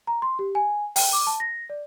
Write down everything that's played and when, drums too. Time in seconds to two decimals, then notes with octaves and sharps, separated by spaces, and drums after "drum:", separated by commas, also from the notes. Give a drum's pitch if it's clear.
0.07 A#5
0.22 C6
0.39 G4
0.55 G#5
0.96 G5, drum: open hi-hat
1.13 D6
1.27 A5
1.40 A#6
1.70 D5